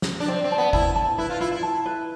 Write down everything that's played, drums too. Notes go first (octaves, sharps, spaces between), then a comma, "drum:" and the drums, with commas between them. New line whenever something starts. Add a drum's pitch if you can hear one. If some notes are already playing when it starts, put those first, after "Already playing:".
drum: snare
D4
C4 D5
C4
A5
B3
E4 A5, drum: kick
A5
E4 B4
F4
E4 F4
E4
A5
B4